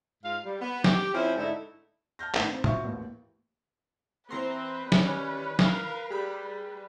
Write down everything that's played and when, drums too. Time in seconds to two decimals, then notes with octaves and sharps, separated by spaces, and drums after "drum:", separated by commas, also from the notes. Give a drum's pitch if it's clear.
0.24 G#2 F4 F5
0.44 G3
0.61 B3
0.84 G4, drum: snare
1.14 F3 C4 C#4 E4
1.37 G#2 D3 A3 D#4 E4
2.19 A5 F6 G6 A#6
2.35 A2 D#3 B3 D4, drum: clap
2.51 C4
2.64 F4 F#4 E5 F5 C#6, drum: tom
2.84 A1 D#2
4.31 E3 C4 B4 A#5 C6
4.92 D#3 E3 G3 C#4, drum: snare
5.59 A#4 F5, drum: snare
6.10 G3 G4 G#4 B5